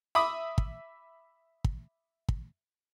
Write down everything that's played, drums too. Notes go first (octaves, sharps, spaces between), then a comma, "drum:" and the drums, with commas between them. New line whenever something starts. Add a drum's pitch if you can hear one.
E5 B5 D6 D#6
drum: kick
drum: kick
drum: kick